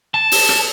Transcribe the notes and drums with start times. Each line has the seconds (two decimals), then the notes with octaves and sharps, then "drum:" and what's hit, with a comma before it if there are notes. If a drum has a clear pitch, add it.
0.14 A5
0.31 drum: open hi-hat
0.49 drum: rim click